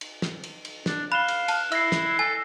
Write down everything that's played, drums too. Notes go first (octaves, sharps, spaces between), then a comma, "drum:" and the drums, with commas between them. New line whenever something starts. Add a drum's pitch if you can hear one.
drum: cymbal
drum: snare
drum: cymbal
drum: cymbal
D4, drum: snare
F5 B5 F#6 E7 G7
drum: cymbal
A5, drum: cymbal
E4 E5 E6 A#6 C7, drum: cymbal
drum: snare
A4 G#5